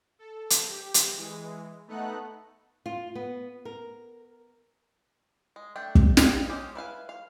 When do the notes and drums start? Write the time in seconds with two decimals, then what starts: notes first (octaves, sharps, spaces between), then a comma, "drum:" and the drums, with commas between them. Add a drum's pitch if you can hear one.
0.19 A4
0.50 drum: hi-hat
0.67 G4
0.94 drum: hi-hat
1.16 E3 G#3
1.88 A3 B3 D#4 A4 F#5 F#6
2.86 F4
3.15 B3
3.65 A#4
5.56 G#3
5.76 A3 D4 G5
5.95 drum: kick
6.17 D5 D#5 F5 G5, drum: snare
6.49 G#3 C#4 G4
6.75 E4 B4 F5 G#5
7.09 F5